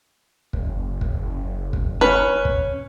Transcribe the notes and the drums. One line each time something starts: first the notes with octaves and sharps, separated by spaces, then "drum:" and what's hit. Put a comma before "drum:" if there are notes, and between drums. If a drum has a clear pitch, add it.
F#1, drum: kick
drum: kick
drum: kick
C#4 B4
drum: kick